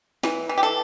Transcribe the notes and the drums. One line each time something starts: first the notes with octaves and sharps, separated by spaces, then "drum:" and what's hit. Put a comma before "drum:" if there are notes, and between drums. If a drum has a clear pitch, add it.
E3, drum: snare
E3
G4
A4